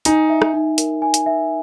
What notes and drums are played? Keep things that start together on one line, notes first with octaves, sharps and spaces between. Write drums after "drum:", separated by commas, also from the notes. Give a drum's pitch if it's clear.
D#4 G#5, drum: hi-hat
E5
drum: rim click
D#4
A#4, drum: hi-hat
G#5
drum: hi-hat
E5